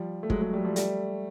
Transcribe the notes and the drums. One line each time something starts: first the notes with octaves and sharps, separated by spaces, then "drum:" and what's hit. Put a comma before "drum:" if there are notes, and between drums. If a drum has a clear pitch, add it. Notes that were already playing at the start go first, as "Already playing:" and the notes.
Already playing: F3 G3
A3
F#3 G#3, drum: kick
F#3 G#3
G3 A3
F3 G3
G3 A3, drum: hi-hat